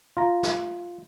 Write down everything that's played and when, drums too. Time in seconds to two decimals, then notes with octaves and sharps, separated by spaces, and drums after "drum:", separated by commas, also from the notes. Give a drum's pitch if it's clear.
0.17 F4 A#5
0.43 drum: snare